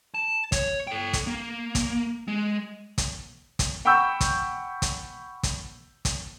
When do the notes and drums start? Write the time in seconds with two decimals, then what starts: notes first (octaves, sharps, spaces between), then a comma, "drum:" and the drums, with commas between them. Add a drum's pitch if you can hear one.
0.14 A5
0.52 C#5, drum: kick, hi-hat
0.87 A4 G5
1.13 drum: kick, hi-hat
1.27 A#3
1.75 drum: kick, hi-hat
2.28 G#3
2.98 drum: kick, hi-hat
3.59 drum: kick, hi-hat
3.85 F#5 G5 B5 C#6 E6 G6
4.21 drum: kick, hi-hat
4.82 drum: kick, hi-hat
5.43 drum: kick, hi-hat
6.05 drum: kick, hi-hat